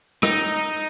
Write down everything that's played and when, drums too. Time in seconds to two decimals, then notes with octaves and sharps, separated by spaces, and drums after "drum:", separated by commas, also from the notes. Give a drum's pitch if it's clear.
0.23 D#4, drum: rim click